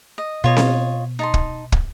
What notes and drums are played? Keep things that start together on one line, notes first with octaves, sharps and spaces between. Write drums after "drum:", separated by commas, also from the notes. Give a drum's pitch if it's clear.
D#5
B2 F4 C#5 D#5
drum: snare C4
D#4 A5 C6
drum: kick
drum: kick